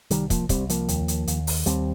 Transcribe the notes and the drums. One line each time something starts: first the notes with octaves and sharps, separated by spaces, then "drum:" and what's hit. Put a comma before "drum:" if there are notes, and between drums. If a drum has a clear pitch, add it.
C2 D#3 G3, drum: hi-hat
F3 A#3, drum: kick, hi-hat
C2 G3 C4, drum: kick, hi-hat
F3 A#3, drum: hi-hat
D#2, drum: hi-hat
drum: hi-hat
D#2, drum: hi-hat
drum: open hi-hat
D#2 G3 C4, drum: hi-hat